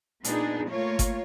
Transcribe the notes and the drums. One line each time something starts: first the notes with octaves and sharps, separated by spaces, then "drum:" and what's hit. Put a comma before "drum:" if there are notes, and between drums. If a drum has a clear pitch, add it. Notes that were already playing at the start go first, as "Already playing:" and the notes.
A#2 B3 D4 D#4 G#4, drum: hi-hat
A3 A#3 F4 C#5
drum: kick G1, hi-hat